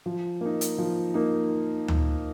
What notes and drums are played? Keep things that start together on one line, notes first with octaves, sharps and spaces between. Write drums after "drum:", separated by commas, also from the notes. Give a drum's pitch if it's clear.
F3
A#3 D#4
drum: hi-hat
F3
A#3 D#4
drum: tom D2